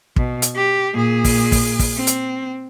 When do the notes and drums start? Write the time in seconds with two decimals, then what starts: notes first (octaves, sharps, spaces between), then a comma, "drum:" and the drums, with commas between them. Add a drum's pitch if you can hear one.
0.16 B2, drum: kick
0.42 drum: hi-hat
0.56 G4
0.94 A#2 G#4
1.24 drum: kick, open hi-hat
1.52 drum: kick, open hi-hat
1.79 drum: kick, open hi-hat
1.97 C4
2.07 drum: hi-hat